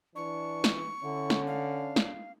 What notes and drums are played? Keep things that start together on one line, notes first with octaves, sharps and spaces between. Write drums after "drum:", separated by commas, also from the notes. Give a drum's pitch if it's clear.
E3 D4 C#6
drum: snare
D3 C#4 E4
drum: snare
D4 F5
drum: snare